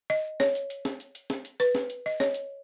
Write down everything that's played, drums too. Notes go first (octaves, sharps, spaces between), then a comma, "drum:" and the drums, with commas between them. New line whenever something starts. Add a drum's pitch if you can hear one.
D#5
C#5, drum: snare
drum: hi-hat
drum: hi-hat
drum: snare
drum: hi-hat
drum: hi-hat
drum: snare
drum: hi-hat
B4, drum: hi-hat
drum: snare
drum: hi-hat
D#5
C#5, drum: snare
drum: hi-hat